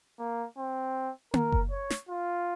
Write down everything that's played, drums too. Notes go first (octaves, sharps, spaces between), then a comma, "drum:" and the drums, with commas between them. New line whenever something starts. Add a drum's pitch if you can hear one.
A#3
C4
A#4, drum: tom A#3
drum: kick F#1
C#5
drum: snare
F4